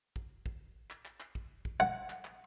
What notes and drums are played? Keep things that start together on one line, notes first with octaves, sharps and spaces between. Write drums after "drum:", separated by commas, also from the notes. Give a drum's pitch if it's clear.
drum: kick
drum: kick
drum: clap
drum: clap
drum: clap
drum: kick
drum: kick
F#5
drum: clap
drum: clap